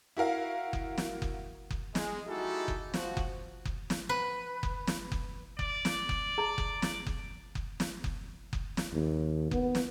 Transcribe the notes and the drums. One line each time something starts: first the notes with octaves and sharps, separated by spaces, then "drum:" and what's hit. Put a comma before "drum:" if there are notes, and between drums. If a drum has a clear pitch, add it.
E4 F#4 A#4 F5
drum: kick F#1
drum: snare
drum: kick F#1
drum: kick F#1
G#3, drum: snare
G#3 D#4 E4 F#4 G4 A4
drum: kick F#1
F3 F#4, drum: snare
drum: kick F#1
drum: kick F#1
drum: snare
B4
drum: kick F#1
drum: snare
drum: kick F#1
D5, drum: kick F#1
drum: snare
drum: kick F#1
G#4 A5 A#5
drum: kick F#1
drum: snare
drum: kick F#1
drum: kick F#1
drum: snare
drum: kick F#1
drum: kick F#1
drum: snare
D#2
B3, drum: kick F#1
drum: snare